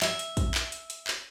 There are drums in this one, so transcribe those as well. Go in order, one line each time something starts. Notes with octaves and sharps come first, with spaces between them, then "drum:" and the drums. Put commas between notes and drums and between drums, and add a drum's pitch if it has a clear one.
E5, drum: clap
drum: hi-hat
drum: kick, hi-hat
drum: clap
drum: hi-hat
drum: hi-hat
drum: clap